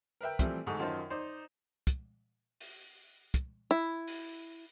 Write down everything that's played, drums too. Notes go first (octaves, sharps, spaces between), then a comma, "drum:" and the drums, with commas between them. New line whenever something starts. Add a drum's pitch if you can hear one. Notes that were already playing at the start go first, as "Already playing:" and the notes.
A#4 B4 E5 G5
E3 F3 G3 A3 C4, drum: kick, hi-hat
D2 G#2 A4 C#6 D#6
F#2 D#3 F4 C5 D#5 A5
D#4 C5 D5
drum: kick, hi-hat
drum: open hi-hat
drum: kick, hi-hat
E4
drum: open hi-hat